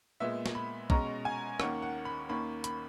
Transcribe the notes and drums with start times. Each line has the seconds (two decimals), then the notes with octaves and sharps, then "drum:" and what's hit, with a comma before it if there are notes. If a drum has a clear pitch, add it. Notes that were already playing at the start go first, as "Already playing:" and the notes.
0.20 A#2 G#3 B3 E5
0.46 drum: snare
0.55 B5
0.90 B2 G#3 C#4 A#5, drum: kick
1.25 G#5
1.60 D#2 D#3 A#3 C#4 F#5, drum: rim click
1.82 F#5
2.05 B5
2.29 D#2 D#3 A#3 C#4 B5
2.64 B5, drum: hi-hat